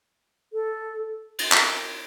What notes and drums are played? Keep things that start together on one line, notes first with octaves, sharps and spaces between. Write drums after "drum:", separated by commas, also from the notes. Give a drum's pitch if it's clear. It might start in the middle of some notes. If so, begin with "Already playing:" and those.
A4
drum: cymbal
drum: clap